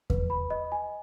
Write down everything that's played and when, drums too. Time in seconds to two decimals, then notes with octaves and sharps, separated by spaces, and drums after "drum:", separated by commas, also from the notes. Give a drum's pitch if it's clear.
0.10 B4, drum: kick E2
0.30 B5
0.50 D#5
0.72 G#5